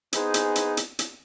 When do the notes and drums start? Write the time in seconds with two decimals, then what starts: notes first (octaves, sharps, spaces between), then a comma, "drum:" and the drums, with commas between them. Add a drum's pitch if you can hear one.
0.13 B3 D#4 G#4 C5, drum: hi-hat
0.34 drum: hi-hat
0.56 drum: hi-hat
0.77 drum: hi-hat
0.99 drum: hi-hat